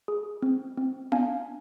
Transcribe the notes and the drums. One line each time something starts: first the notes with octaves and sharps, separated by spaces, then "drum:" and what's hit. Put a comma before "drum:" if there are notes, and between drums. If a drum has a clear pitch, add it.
G#4
C4
C4
D4 F5 G#5, drum: tom B3